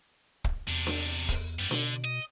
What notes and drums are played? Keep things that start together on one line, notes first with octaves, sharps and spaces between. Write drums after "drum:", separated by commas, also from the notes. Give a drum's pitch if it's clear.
drum: kick
E2 C3 D4
drum: snare D4
drum: kick, open hi-hat
F#2 G3 B3
B2 D3, drum: snare D4
D#5